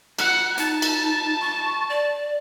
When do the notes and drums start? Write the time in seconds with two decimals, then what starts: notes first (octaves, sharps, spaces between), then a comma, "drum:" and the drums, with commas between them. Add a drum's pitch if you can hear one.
0.19 F#5, drum: cymbal
0.58 D#4 A5, drum: hi-hat
0.82 drum: cymbal
1.40 C#6
1.89 D5